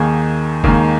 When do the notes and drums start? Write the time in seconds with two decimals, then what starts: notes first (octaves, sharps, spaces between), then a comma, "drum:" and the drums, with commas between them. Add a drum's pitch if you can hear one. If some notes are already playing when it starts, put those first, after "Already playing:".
Already playing: D#2 D#3 A#3 G#4
0.64 D#2 D#3 G#3 A#3, drum: kick F#1